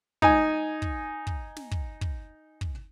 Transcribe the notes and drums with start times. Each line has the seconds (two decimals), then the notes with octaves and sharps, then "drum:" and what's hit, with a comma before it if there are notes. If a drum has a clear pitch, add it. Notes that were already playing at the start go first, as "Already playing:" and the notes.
0.22 D#4 G#5, drum: kick
0.82 drum: kick
1.27 drum: kick
1.57 drum: snare
1.71 drum: kick
2.01 drum: kick
2.61 drum: kick